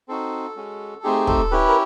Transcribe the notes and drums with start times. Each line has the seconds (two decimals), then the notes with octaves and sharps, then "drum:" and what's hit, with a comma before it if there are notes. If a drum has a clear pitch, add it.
0.08 C4 D#4 F#4 A4
0.56 G#3 C#4 F#4
1.04 A3 C4 D#4 G4 G#4
1.27 A4, drum: kick
1.51 C#4 E4 G4 B4
1.69 A#4